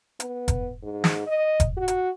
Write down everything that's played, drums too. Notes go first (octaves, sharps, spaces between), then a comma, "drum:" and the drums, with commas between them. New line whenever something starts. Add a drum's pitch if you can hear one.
B3, drum: hi-hat
drum: kick F1, hi-hat
G#2
drum: snare
D#5
drum: kick F1, hi-hat
F#4
drum: hi-hat